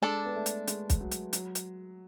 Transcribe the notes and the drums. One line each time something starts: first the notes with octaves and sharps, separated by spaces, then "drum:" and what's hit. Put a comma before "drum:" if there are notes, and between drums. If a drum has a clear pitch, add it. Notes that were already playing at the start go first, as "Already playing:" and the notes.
G#3 D4 A4 D5
B3
A3
drum: hi-hat
G#3, drum: hi-hat
drum: kick, hi-hat
F#3
drum: hi-hat
F#3, drum: hi-hat
drum: hi-hat